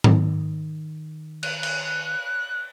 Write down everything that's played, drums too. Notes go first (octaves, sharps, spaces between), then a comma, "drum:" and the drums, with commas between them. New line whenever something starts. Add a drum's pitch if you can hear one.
D#3, drum: tom G#2
F#6, drum: cymbal
drum: cymbal